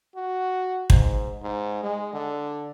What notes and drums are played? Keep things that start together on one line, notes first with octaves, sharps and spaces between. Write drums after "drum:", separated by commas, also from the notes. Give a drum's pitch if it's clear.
F#4
G#2, drum: kick
G#2
G#3
D3